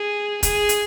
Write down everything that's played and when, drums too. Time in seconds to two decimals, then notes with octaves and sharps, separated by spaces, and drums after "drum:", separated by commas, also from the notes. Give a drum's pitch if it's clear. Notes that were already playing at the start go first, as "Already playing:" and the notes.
Already playing: G#4
0.43 G#4, drum: kick, hi-hat
0.69 drum: hi-hat